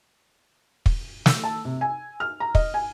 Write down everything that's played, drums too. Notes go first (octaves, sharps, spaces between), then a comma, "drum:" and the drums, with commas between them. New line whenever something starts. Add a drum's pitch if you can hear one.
drum: kick
E6, drum: snare
A5
C3
G#5
F6
A#5
D#5, drum: kick
G#5